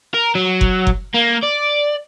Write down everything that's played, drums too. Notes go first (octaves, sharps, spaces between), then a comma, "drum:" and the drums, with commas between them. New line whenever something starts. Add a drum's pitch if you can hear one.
A#4
F#3
drum: kick F#1
drum: kick F#1
A#3
D5